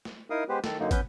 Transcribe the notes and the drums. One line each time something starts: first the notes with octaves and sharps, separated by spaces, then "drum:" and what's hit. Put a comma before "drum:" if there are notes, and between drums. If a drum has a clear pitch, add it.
drum: snare
D#4 E4 A#4 F5 D#6
G#3 B3 G4 B4 C5
D#3 A4, drum: snare
F#2 D3 F#3 A#3 D#4
B3 C#4 B4 G6, drum: kick, hi-hat